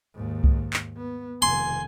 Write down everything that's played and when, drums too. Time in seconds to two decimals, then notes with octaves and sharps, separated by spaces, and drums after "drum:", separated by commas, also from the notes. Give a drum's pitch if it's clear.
0.14 D#2 G#2
0.44 drum: kick C2
0.73 drum: clap
0.96 B3
1.42 F1 D#3 G#5 C6